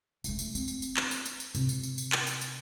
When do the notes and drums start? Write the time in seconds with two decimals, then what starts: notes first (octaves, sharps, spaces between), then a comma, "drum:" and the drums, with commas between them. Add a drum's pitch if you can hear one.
0.24 E1 A3, drum: tambourine
0.39 drum: tambourine
0.55 C4, drum: tambourine
0.68 drum: tambourine
0.82 drum: tambourine
0.97 drum: clap
1.11 drum: tambourine
1.26 drum: tambourine
1.40 drum: tambourine
1.55 C3, drum: tambourine
1.69 drum: tambourine
1.83 drum: tambourine
1.98 drum: tambourine
2.12 drum: clap
2.27 drum: tambourine
2.41 drum: tambourine